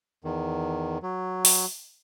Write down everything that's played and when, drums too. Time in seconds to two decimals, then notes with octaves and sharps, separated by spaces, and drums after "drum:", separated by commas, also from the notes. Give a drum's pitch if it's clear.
0.24 E2 D#3
1.03 F#3
1.45 drum: open hi-hat